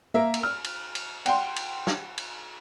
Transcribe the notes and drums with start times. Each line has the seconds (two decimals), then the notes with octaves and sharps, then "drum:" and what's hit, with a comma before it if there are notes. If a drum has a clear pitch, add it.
0.14 A#3 A#4 E5
0.34 drum: cymbal
0.43 F6
0.64 drum: cymbal
0.95 drum: cymbal
1.26 F#5 G5 C6, drum: cymbal
1.56 drum: cymbal
1.87 drum: snare
2.18 drum: cymbal